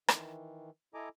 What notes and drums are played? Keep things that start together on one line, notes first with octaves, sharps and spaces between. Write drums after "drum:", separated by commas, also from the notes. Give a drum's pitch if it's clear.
D#3 E3, drum: rim click
E4 A4 D#5 G#5 A#5 D6